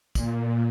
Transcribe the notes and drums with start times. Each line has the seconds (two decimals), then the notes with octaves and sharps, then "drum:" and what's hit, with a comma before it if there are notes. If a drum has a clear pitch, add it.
0.15 A#2, drum: kick, tambourine